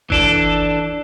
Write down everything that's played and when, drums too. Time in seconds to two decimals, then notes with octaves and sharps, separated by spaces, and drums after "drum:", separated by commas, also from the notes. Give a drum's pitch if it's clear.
0.10 E3 D4 A4, drum: kick G1